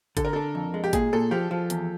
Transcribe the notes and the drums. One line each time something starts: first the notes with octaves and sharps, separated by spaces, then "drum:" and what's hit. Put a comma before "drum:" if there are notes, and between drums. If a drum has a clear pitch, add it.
D3 A4, drum: kick G#1, hi-hat
A#4
D4 A4
F2
G#3
G4
A#2 G#4, drum: kick G#1, hi-hat
A#2 A4
F3 G4
F3
E2, drum: hi-hat